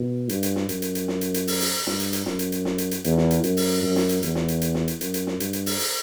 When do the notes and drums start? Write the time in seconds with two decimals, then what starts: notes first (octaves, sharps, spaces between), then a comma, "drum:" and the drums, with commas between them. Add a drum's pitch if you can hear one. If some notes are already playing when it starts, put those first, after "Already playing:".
Already playing: B2
0.29 G2, drum: hi-hat
0.43 drum: hi-hat
0.56 drum: snare
0.69 F#2, drum: hi-hat
0.82 drum: hi-hat
0.95 drum: hi-hat
1.08 drum: snare
1.21 drum: hi-hat
1.34 drum: hi-hat
1.47 drum: open hi-hat
1.60 drum: open hi-hat
1.87 G2, drum: snare
2.00 drum: hi-hat
2.13 drum: hi-hat
2.26 F#2, drum: snare
2.39 drum: hi-hat
2.52 drum: hi-hat
2.65 drum: snare
2.78 drum: hi-hat
2.91 drum: hi-hat
3.04 E2, drum: hi-hat
3.18 drum: snare
3.31 drum: hi-hat
3.44 F#2, drum: hi-hat
3.57 drum: open hi-hat
3.83 F#2
3.96 drum: snare
4.09 drum: hi-hat
4.23 E2, drum: hi-hat
4.35 drum: snare
4.48 drum: hi-hat
4.61 drum: hi-hat
4.75 drum: snare
4.88 drum: hi-hat
5.01 F#2, drum: hi-hat
5.14 drum: hi-hat
5.27 drum: snare
5.40 G2, drum: hi-hat
5.53 drum: hi-hat
5.66 drum: open hi-hat
5.79 drum: open hi-hat